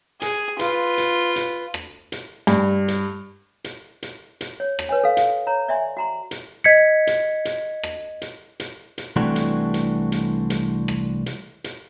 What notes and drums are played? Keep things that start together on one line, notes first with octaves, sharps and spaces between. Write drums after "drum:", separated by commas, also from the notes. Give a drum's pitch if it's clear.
G#4, drum: hi-hat
F4 B4, drum: hi-hat
drum: hi-hat
drum: hi-hat
drum: rim click
drum: hi-hat
G2, drum: hi-hat
drum: hi-hat
drum: hi-hat
drum: hi-hat
drum: hi-hat
C#5
drum: rim click
B4 C#5 G#5
A4 F5
drum: hi-hat
C#5 A#5
D5 E5 G#5 C6
F#4 A#5 C6
drum: hi-hat
D#5 G#6 B6 C#7
drum: hi-hat
drum: hi-hat
drum: rim click
drum: hi-hat
drum: hi-hat
drum: hi-hat
C2 E3 A3 C4 D4 F#4
drum: hi-hat
drum: hi-hat
drum: hi-hat
drum: hi-hat
drum: rim click
drum: hi-hat
drum: hi-hat